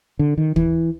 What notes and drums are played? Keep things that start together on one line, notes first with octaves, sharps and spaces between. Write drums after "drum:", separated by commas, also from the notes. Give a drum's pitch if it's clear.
D3
D#3
E3, drum: kick